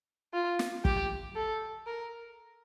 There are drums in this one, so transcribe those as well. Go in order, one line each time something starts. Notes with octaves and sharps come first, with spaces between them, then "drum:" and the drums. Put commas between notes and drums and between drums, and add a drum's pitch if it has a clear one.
F4
drum: snare
G4, drum: kick
A4
A#4